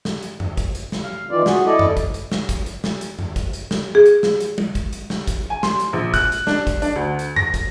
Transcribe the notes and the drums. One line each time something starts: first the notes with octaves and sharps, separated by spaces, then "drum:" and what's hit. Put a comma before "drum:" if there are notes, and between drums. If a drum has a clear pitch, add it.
drum: snare
drum: hi-hat
drum: tom F#2
drum: kick, hi-hat
drum: hi-hat
drum: snare
F5
D#3 E3 F4 D5
F#4 G#4, drum: snare
E4 A4 D5 D#5
drum: tom F#2
drum: kick, hi-hat
drum: hi-hat
drum: snare
drum: kick, hi-hat
drum: hi-hat
drum: snare
drum: hi-hat
drum: tom F#2
drum: kick, hi-hat
drum: hi-hat
drum: snare
G#4
drum: hi-hat
drum: snare
drum: hi-hat
drum: tom
drum: kick, hi-hat
drum: hi-hat
drum: snare
drum: kick, hi-hat
G#5
C6, drum: snare
drum: hi-hat
A#1
F#6, drum: kick, hi-hat
drum: hi-hat
D4, drum: snare
drum: kick, hi-hat
D4, drum: hi-hat
D2
drum: hi-hat
A#6, drum: tom F#2
drum: kick, hi-hat